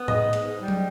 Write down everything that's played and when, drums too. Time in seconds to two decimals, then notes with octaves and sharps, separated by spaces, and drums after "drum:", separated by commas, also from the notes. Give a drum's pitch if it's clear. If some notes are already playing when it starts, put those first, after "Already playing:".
Already playing: B3
0.08 G#2 D#5, drum: tom A2
0.33 G#2, drum: hi-hat
0.58 G3
0.68 drum: tom